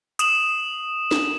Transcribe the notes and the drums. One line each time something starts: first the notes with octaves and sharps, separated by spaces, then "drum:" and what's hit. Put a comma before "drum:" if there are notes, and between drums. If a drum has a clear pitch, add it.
D#6 E7 F#7, drum: hi-hat
drum: snare